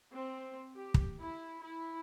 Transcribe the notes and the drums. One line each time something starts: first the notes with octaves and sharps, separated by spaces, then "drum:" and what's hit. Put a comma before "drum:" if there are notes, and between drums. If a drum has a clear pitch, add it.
C4
G4
drum: kick
E4
E4